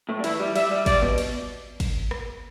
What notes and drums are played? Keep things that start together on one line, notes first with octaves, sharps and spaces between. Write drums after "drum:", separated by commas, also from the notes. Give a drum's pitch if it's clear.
A2 A3
G3
E3 E4, drum: cymbal
G3
G3 E5, drum: cymbal
G3
G3 D5, drum: kick, cymbal
B2 B3
drum: cymbal
drum: kick, cymbal
drum: rim click